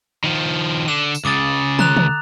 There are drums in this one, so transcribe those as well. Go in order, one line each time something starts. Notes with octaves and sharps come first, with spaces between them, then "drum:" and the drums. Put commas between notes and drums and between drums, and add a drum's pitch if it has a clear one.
D#3 F3
D3 E7
drum: tambourine
C#2 C#3 D6 D#6 A6
A#5 F#6 F7, drum: tom
drum: tom